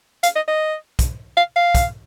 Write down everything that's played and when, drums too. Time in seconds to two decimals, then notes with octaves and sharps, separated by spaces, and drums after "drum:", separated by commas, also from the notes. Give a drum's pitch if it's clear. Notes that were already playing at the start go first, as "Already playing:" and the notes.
0.23 F5, drum: hi-hat
0.36 D#5
0.48 D#5
0.99 drum: kick, hi-hat
1.37 F5
1.56 F5
1.75 drum: kick, hi-hat